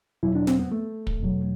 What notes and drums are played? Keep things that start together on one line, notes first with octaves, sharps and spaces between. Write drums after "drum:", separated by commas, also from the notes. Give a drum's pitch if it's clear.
E2 B2 F#3 E4
D4
C4, drum: snare
B3
A3
drum: kick
E2 B2 F#3